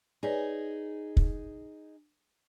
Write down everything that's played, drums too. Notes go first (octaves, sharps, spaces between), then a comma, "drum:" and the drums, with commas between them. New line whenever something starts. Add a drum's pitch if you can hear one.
D#4 G#4 B4 C#5 D5
drum: kick